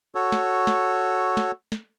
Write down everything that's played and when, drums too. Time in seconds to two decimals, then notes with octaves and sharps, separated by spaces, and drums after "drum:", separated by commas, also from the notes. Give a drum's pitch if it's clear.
0.15 F#4 A4 C#5
0.32 drum: snare
0.67 drum: snare
1.37 drum: snare
1.72 drum: snare